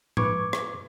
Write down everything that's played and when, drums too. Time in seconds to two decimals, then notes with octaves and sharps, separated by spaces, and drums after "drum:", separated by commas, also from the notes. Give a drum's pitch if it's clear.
0.17 B4 C#6 D6 G#6, drum: tom A2
0.53 drum: rim click